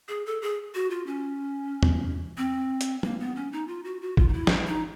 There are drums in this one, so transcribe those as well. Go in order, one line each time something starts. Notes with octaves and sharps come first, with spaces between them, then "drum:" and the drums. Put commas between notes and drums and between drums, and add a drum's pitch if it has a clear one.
G#4
A4
G#4
F#4
F4
C#4
drum: tom
C4
drum: hi-hat
A#3, drum: tom
B3
C#4
D#4
F4
F#4
F#4
F4, drum: kick
D#4
E4
drum: snare
D#4